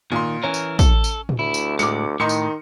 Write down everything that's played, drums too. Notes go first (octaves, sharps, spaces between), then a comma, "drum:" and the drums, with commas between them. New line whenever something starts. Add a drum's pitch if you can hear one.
A#2 D#3 C6
E3 C#4 A#4
drum: tambourine
A4, drum: kick, tambourine
drum: tambourine
drum: tom A2
D2 E4
drum: tambourine
A2 G#3 D6 C#7, drum: tambourine
A2 D#3 D#4 C6 C#7
drum: tambourine